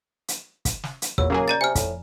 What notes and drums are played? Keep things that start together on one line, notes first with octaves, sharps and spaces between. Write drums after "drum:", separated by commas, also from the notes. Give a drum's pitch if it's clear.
drum: hi-hat
drum: kick, hi-hat
drum: snare
drum: hi-hat
E2 A#2 F#3 E6, drum: kick
C#3 F#3 A#3 G#4
D5 A#5 A6
C3 G#5 F6
F2 A2, drum: kick, hi-hat